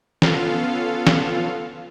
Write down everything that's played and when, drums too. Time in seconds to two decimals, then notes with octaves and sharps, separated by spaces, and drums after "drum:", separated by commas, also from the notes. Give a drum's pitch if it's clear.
0.22 B3 C#4 F4 A4 F5, drum: snare
1.07 drum: snare